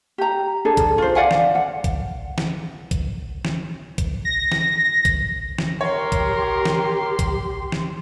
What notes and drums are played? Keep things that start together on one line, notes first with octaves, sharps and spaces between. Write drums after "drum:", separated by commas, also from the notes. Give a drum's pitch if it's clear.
G4 A#5
D4 G#4 A4
drum: kick, hi-hat
F4 C5
D5 F5 F#5 G#5
drum: snare
F#5
drum: kick, hi-hat
drum: snare
drum: kick, hi-hat
drum: snare
drum: kick, hi-hat
A#6
drum: snare
drum: kick, hi-hat
drum: snare
G4 A#4 C#5 C6
drum: kick, hi-hat
drum: snare
drum: kick, hi-hat
drum: snare